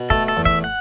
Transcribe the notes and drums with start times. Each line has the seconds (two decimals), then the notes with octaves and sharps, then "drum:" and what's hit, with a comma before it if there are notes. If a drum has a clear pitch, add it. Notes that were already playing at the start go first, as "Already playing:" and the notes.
Already playing: B2
0.10 A3 A4, drum: kick
0.28 A4
0.37 E2
0.45 E5, drum: kick
0.64 F#5